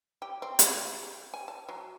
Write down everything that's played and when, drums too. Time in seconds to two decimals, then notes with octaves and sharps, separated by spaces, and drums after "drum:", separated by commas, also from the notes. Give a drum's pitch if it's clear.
0.22 G4
0.42 C4
0.59 A3, drum: hi-hat
1.03 G4
1.34 G#5
1.48 A5
1.69 F#3